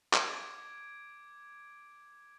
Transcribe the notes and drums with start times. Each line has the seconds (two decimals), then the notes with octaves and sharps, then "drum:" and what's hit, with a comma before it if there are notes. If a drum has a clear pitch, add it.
0.13 D6 G#6 D7, drum: clap